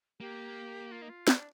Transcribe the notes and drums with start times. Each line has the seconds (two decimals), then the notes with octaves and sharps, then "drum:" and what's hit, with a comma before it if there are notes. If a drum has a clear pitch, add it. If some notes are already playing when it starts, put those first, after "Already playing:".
0.21 A#3 G4
0.92 F4
1.02 D#4
1.09 F4
1.28 D4, drum: snare